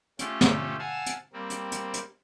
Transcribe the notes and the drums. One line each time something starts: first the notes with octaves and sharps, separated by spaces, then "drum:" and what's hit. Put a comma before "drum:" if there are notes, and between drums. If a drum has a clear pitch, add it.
A3 C#4 F4 G4 A4, drum: hi-hat
drum: snare
F5 F#5 G#5 A5 E6
drum: hi-hat
G3 A#3 C4
drum: hi-hat
drum: hi-hat
drum: hi-hat